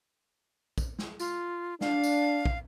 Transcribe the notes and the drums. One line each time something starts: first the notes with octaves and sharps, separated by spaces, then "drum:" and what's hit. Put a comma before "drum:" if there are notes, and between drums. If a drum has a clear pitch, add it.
drum: kick, tambourine
drum: snare
F4, drum: tambourine
D4 F5, drum: snare
drum: tambourine
drum: kick